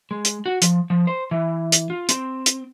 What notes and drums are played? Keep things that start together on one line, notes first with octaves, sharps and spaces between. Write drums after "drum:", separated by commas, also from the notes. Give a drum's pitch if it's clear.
G#3
drum: hi-hat
F#4
F3, drum: hi-hat
F3
C5
E3
drum: hi-hat
F4
C4, drum: hi-hat
drum: hi-hat